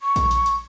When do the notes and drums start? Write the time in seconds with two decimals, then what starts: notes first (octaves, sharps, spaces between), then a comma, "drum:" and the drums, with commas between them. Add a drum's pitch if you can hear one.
0.01 C#6
0.16 drum: kick A#1, hi-hat
0.31 drum: hi-hat
0.46 drum: hi-hat